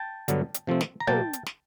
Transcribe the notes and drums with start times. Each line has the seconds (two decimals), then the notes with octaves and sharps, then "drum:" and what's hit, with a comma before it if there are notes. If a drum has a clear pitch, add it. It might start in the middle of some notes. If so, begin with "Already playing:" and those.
Already playing: G5 A5
0.28 G2 D3 F#3 B3, drum: hi-hat
0.54 drum: hi-hat
0.67 C3 F3 A3 C4
0.81 drum: snare
1.00 A#5
1.07 B2 F#3 A#3 G5 A5, drum: tom
1.33 drum: hi-hat
1.46 drum: snare